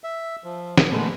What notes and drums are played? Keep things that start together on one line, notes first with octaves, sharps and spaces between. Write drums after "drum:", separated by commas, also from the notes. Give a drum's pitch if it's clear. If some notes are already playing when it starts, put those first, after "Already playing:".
E5
F3
drum: snare
A#2 D3 G#3 A3 B3